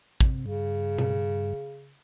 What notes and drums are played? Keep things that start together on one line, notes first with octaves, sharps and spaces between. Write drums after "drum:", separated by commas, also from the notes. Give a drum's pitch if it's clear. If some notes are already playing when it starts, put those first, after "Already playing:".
C3, drum: kick
G2 C#3
drum: tom B2